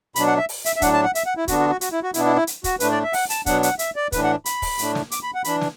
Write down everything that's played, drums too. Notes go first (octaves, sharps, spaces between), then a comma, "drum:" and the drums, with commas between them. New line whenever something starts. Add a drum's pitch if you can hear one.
B2 F#3 D4 B5, drum: hi-hat
F#5
E5
drum: open hi-hat
E5, drum: hi-hat
E5
A2 F#3 D4 F#5, drum: kick, hi-hat
A5
F#5
E5, drum: hi-hat
F#5
E4
D3 B3 D4 F#4, drum: kick, hi-hat
F#4
F#4
F#4, drum: hi-hat
E4
F#4
B2 B3 D4 E4, drum: hi-hat
E4
E4
drum: hi-hat
F#4, drum: kick, hi-hat
A2 A3 D4 B4, drum: hi-hat
D5
E5
F#5, drum: open hi-hat
A5, drum: hi-hat
B2 F#3 B3 D4 F#5, drum: kick, hi-hat
F#5, drum: hi-hat
E5, drum: hi-hat
D5
A2 E3 D4 B4, drum: kick, hi-hat
F#5
B5, drum: hi-hat
drum: kick, open hi-hat
A2 A3 D4, drum: hi-hat
drum: snare
D6, drum: hi-hat
B5
F#5
E3 D4 B5, drum: hi-hat
drum: snare